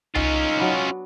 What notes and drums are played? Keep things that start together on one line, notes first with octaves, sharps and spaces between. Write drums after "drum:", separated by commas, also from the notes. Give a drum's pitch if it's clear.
C#4 D#4 F4, drum: tom C2
F#3 B3 D4